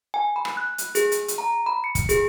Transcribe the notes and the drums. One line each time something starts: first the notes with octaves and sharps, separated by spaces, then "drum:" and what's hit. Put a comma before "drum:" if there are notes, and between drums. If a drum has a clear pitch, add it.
G#5
B5
drum: rim click
F#6
drum: hi-hat
G#4, drum: hi-hat
drum: hi-hat
drum: hi-hat
A#5
B5
C#7
drum: kick, hi-hat
G#4, drum: hi-hat